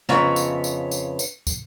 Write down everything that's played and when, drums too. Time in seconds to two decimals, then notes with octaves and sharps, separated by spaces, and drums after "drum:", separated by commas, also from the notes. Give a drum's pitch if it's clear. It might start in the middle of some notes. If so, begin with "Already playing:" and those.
0.09 F2 C#3 B3 C#5 E5 A#5, drum: snare
0.36 drum: tambourine
0.64 drum: tambourine
0.91 drum: tambourine
1.19 drum: tambourine
1.47 drum: kick, tambourine